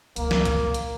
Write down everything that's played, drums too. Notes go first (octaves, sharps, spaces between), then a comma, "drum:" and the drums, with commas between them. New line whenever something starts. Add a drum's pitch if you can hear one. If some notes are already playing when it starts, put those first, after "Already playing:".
C#2 C3 A#3, drum: hi-hat
drum: snare
drum: kick A1, hi-hat
drum: hi-hat